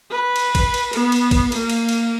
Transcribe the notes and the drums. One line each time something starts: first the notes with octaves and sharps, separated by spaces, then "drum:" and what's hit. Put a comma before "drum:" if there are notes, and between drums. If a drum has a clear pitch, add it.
B4
drum: cymbal
drum: kick, cymbal
drum: cymbal
B3, drum: cymbal
drum: cymbal
drum: kick, cymbal
A#3, drum: cymbal
drum: cymbal
drum: cymbal